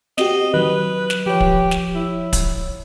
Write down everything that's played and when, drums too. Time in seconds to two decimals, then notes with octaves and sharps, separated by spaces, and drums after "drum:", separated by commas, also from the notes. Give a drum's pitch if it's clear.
0.18 C4 F#4 G4 D#5, drum: snare
0.54 D#3 F#3 B4
1.10 drum: snare
1.26 F3 G4 C#5
1.41 drum: kick
1.71 drum: snare
1.95 E4
2.33 drum: kick, hi-hat